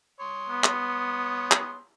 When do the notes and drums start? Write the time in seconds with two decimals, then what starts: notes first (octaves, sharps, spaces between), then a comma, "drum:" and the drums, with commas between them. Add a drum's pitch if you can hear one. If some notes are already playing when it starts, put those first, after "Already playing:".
0.20 C#5 C6 D#6
0.50 B3
0.64 drum: clap
1.51 drum: clap